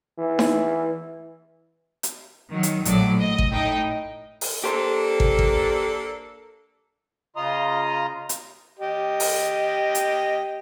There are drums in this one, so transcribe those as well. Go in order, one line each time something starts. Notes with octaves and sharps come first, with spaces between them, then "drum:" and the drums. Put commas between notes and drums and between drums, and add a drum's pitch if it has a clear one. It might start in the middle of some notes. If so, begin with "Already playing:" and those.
E3
drum: snare D#4
drum: hi-hat
D#3 F#3
drum: hi-hat
A#1 A2 F#3 D5, drum: hi-hat
D#5
drum: kick
A2 D#4 D#5 G5
drum: open hi-hat
A#3 D4 G4 A4 C5
drum: kick
drum: kick
C#3 F4 D#5 A#5 C6 D#6
drum: hi-hat
G4 D#5
drum: open hi-hat
drum: hi-hat